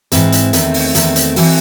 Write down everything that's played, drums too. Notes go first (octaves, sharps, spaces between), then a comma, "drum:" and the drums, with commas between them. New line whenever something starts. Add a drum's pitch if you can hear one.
G#2 E3 C4 E4, drum: hi-hat
drum: hi-hat
E2 D#3 A3 C4, drum: hi-hat
drum: open hi-hat
E2 D#3 A3 C4, drum: hi-hat
drum: hi-hat
E3 C4 F#4 A4, drum: open hi-hat